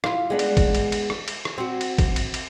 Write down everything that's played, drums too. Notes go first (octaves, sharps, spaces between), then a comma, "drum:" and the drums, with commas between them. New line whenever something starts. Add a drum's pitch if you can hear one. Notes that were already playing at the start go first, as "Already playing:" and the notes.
E4 F4, drum: rim click
G#3 B3 D4
drum: cymbal
drum: kick, cymbal
drum: cymbal
drum: cymbal
drum: rim click
drum: cymbal
drum: rim click
C4 F#4
drum: cymbal
drum: kick, cymbal
drum: cymbal
drum: cymbal